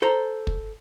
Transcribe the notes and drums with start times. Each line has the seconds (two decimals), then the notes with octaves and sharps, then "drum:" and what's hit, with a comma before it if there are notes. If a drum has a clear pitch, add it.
0.02 A4 C5 A#5
0.47 drum: kick